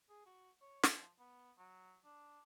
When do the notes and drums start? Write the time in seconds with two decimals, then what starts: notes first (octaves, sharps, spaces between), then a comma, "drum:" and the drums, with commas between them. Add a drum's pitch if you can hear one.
0.10 G#4
0.26 F#4
0.62 C#5
0.83 F3, drum: snare
1.20 B3
1.58 F#3
2.04 D4